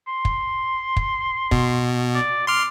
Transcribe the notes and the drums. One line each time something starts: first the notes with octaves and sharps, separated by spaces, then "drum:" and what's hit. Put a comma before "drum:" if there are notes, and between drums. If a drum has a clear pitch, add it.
C6
drum: kick
drum: kick
B2, drum: kick
D5
C6 D6 F6